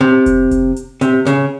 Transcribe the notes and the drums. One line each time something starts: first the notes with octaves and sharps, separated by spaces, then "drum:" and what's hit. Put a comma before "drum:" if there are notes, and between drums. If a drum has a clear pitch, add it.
C3
drum: kick F1, hi-hat
drum: kick F1, hi-hat
drum: hi-hat
C3, drum: hi-hat
C#3, drum: hi-hat